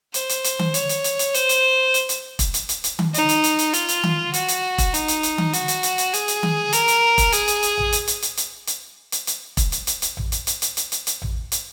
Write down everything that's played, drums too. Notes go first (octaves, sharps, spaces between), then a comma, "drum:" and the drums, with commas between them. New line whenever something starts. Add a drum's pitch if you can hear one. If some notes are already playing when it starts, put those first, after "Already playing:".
C5, drum: hi-hat
drum: hi-hat
drum: hi-hat
drum: tom D#3
C#5, drum: hi-hat
drum: hi-hat
drum: hi-hat
drum: hi-hat
C5, drum: hi-hat
drum: hi-hat
drum: hi-hat
drum: hi-hat
drum: kick E1, hi-hat
drum: hi-hat
drum: hi-hat
drum: hi-hat
drum: tom D#3
D#4, drum: hi-hat
drum: hi-hat
drum: hi-hat
drum: hi-hat
F4, drum: hi-hat
drum: hi-hat
drum: tom D#3
F#4, drum: hi-hat
drum: hi-hat
drum: kick E1, hi-hat
D#4, drum: hi-hat
drum: hi-hat
drum: hi-hat
drum: tom D#3
F#4, drum: hi-hat
drum: hi-hat
drum: hi-hat
drum: hi-hat
G#4, drum: hi-hat
drum: hi-hat
drum: tom D#3
A#4, drum: hi-hat
drum: hi-hat
drum: kick E1, hi-hat
G#4, drum: hi-hat
drum: hi-hat
drum: hi-hat
drum: tom A1
drum: hi-hat
drum: hi-hat
drum: hi-hat
drum: hi-hat
drum: hi-hat
drum: hi-hat
drum: hi-hat
drum: kick E1, hi-hat
drum: hi-hat
drum: hi-hat
drum: hi-hat
drum: tom A1
drum: hi-hat
drum: hi-hat
drum: hi-hat
drum: hi-hat
drum: hi-hat
drum: hi-hat
drum: tom A1
drum: hi-hat